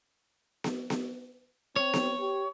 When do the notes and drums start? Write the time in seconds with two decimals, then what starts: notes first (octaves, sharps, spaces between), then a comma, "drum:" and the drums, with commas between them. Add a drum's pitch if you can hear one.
0.64 drum: snare B3
0.90 drum: snare B3
1.76 C4 C#5
1.93 drum: snare B3
2.19 G4